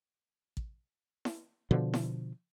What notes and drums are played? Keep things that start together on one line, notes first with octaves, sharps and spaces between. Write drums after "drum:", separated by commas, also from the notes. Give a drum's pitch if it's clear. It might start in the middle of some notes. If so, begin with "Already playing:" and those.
drum: kick
drum: snare E4
B2 D3 F3
drum: snare E4